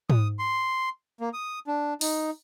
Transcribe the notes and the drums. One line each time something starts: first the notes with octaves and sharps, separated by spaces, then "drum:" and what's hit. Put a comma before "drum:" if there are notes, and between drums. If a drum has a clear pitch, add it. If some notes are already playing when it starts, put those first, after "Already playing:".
D#6, drum: tom G#2
C6
A#3
D#6
D4
D#4, drum: open hi-hat